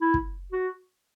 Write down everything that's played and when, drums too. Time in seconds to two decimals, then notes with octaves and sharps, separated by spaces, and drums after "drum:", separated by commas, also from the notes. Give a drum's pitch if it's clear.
0.01 E4
0.14 drum: kick
0.52 F#4